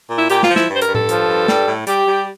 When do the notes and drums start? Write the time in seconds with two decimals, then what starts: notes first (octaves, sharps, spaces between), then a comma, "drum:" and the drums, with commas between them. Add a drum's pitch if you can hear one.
0.10 A#2
0.17 E4
0.30 A#2 G4, drum: hi-hat
0.43 F4, drum: snare
0.49 F3
0.56 E4, drum: snare
0.69 G2
0.74 C5
0.82 A#4, drum: hi-hat
0.88 G2
0.95 A4, drum: tom A2
1.09 F3, drum: hi-hat
1.28 G2
1.48 G3, drum: snare
1.67 A2
1.87 G3 G4, drum: hi-hat
2.06 G3